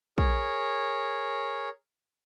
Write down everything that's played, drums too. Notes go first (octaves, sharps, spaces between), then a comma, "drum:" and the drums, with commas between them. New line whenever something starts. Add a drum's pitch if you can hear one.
G#4 A#4 C#5, drum: kick